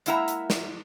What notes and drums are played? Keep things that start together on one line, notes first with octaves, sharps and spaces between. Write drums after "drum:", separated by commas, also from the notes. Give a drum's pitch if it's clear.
G#3 A#3 E4 E5 F#5 A#5, drum: hi-hat
drum: hi-hat
drum: snare